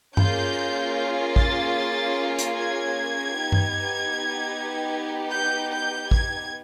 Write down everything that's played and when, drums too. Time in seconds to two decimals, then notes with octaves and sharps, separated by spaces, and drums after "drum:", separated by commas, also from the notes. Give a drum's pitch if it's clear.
0.17 A#3 C#4 F4 G#4 G6, drum: tom G2
1.36 A6, drum: kick
1.76 A6
2.39 drum: hi-hat
2.55 G#6
3.34 B3 D#4 G4
3.52 drum: tom G2
5.32 G6
5.71 G6
6.11 G#6, drum: kick